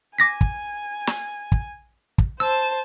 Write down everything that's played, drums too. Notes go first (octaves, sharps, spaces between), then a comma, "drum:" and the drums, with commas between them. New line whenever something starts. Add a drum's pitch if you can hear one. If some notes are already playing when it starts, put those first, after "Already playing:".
G#5 D6 A#6 B6
drum: kick
drum: snare
drum: kick
drum: kick
C5 A5 E6